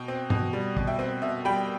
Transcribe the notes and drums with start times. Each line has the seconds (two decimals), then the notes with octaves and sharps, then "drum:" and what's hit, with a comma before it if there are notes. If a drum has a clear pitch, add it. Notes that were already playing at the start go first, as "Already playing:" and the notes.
Already playing: B2 G5
0.08 C4
0.30 B2, drum: tom
0.53 G3
0.77 B2, drum: kick
0.87 E5 G5
0.99 C4
1.22 B2 E5
1.45 G3 G5 B5